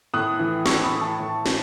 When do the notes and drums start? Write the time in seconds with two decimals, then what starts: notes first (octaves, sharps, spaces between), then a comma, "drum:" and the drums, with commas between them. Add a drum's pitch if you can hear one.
0.14 A2 D#6 F#6
0.39 E3
0.66 A2 C#6 E6, drum: snare
0.84 B5 D#6
0.93 E3
1.01 A5 C#6
1.19 A2
1.46 E3, drum: snare